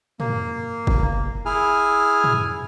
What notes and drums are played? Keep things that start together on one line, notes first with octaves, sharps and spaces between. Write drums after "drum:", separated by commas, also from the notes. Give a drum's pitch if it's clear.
A#3, drum: tom
drum: kick
E4 G#4 G#5 F6
drum: tom